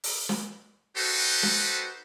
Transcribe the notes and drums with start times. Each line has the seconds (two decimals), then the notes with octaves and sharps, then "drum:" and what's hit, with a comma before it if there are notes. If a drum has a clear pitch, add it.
0.04 drum: open hi-hat
0.29 drum: snare
0.96 D#4 F#4 G4 A4 B4 C5
1.43 drum: snare